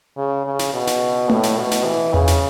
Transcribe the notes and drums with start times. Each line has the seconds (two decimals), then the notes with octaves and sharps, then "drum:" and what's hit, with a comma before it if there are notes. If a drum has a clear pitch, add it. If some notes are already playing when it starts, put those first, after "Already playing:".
0.17 C#3
0.45 C#3
0.59 drum: snare
0.73 B2
0.87 drum: snare
1.30 A2, drum: tom A3
1.43 drum: snare
1.57 B2
1.71 drum: snare
1.85 E3
2.14 C#3, drum: tom E2
2.27 drum: snare